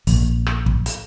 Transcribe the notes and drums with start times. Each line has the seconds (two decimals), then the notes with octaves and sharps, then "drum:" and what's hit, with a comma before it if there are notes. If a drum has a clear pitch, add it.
0.07 A#1, drum: kick, open hi-hat
0.46 drum: rim click
0.66 drum: kick
0.86 drum: hi-hat